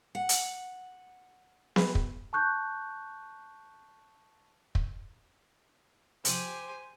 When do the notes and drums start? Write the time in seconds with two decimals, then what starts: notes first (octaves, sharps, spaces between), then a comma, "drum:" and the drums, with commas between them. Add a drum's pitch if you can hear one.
0.15 F#5
0.29 drum: hi-hat
1.76 G#4 B4, drum: snare B3
1.95 drum: kick
2.33 A5 C#6 F#6 G6
4.75 drum: kick
6.25 F2 C3 G4 C5 G#5, drum: hi-hat